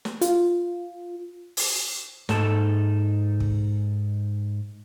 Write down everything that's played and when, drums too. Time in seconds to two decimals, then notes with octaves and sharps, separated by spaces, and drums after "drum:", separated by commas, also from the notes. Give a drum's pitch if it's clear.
0.05 drum: snare
0.21 F4, drum: hi-hat
1.57 drum: open hi-hat
2.29 G#2 D#4 A4 A5, drum: snare
3.40 drum: kick